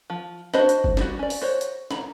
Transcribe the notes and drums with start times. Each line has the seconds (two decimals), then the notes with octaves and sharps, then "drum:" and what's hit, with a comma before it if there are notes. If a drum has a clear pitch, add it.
0.10 F3
0.54 D4 F#4 C5 D#5 B5, drum: snare
0.69 drum: hi-hat
0.84 drum: kick
0.97 G3 F#4, drum: snare
1.19 C#4 D5
1.30 drum: open hi-hat
1.42 F#4 C5 C#5
1.61 drum: hi-hat
1.91 A#5 B5, drum: snare